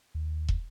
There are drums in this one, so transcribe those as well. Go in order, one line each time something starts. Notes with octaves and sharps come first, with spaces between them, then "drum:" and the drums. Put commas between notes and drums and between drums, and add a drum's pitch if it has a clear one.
D#2
drum: kick